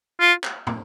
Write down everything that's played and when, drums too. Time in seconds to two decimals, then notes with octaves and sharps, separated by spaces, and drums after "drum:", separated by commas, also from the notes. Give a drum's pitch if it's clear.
0.21 F4
0.44 drum: clap
0.67 drum: tom